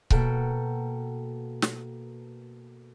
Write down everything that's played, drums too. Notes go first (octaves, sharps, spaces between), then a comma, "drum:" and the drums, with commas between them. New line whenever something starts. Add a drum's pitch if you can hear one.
B2 A#3 A4 F#5 G5, drum: kick C#1
drum: snare